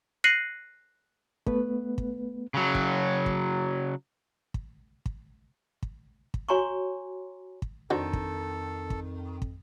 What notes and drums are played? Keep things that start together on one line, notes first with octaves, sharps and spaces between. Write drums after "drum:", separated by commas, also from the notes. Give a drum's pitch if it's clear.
F#6 A#6 C7 C#7 D#7 F#7
A3 B3 B4, drum: kick
drum: kick
C#3 F#3
drum: kick
drum: kick
drum: kick
drum: kick
drum: kick
drum: kick
F#4 C#5 G#5 A#5 C6 C#6
drum: kick
F2 D#3 D4 F#4 A4 C5
drum: kick
drum: kick
drum: kick